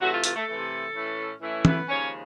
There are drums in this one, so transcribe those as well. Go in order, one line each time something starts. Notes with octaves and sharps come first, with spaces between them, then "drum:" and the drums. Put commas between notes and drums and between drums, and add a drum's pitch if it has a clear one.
C3 E3 F#3 A3 F#4
F4
F4, drum: hi-hat
A3 A4
C3 E3 A3
A2 E3 A3 C#4 E4
A2 E3 A3 C#4 E4
B3 B4, drum: tom
D#2 C#3 F3 G#3 C#4 C#5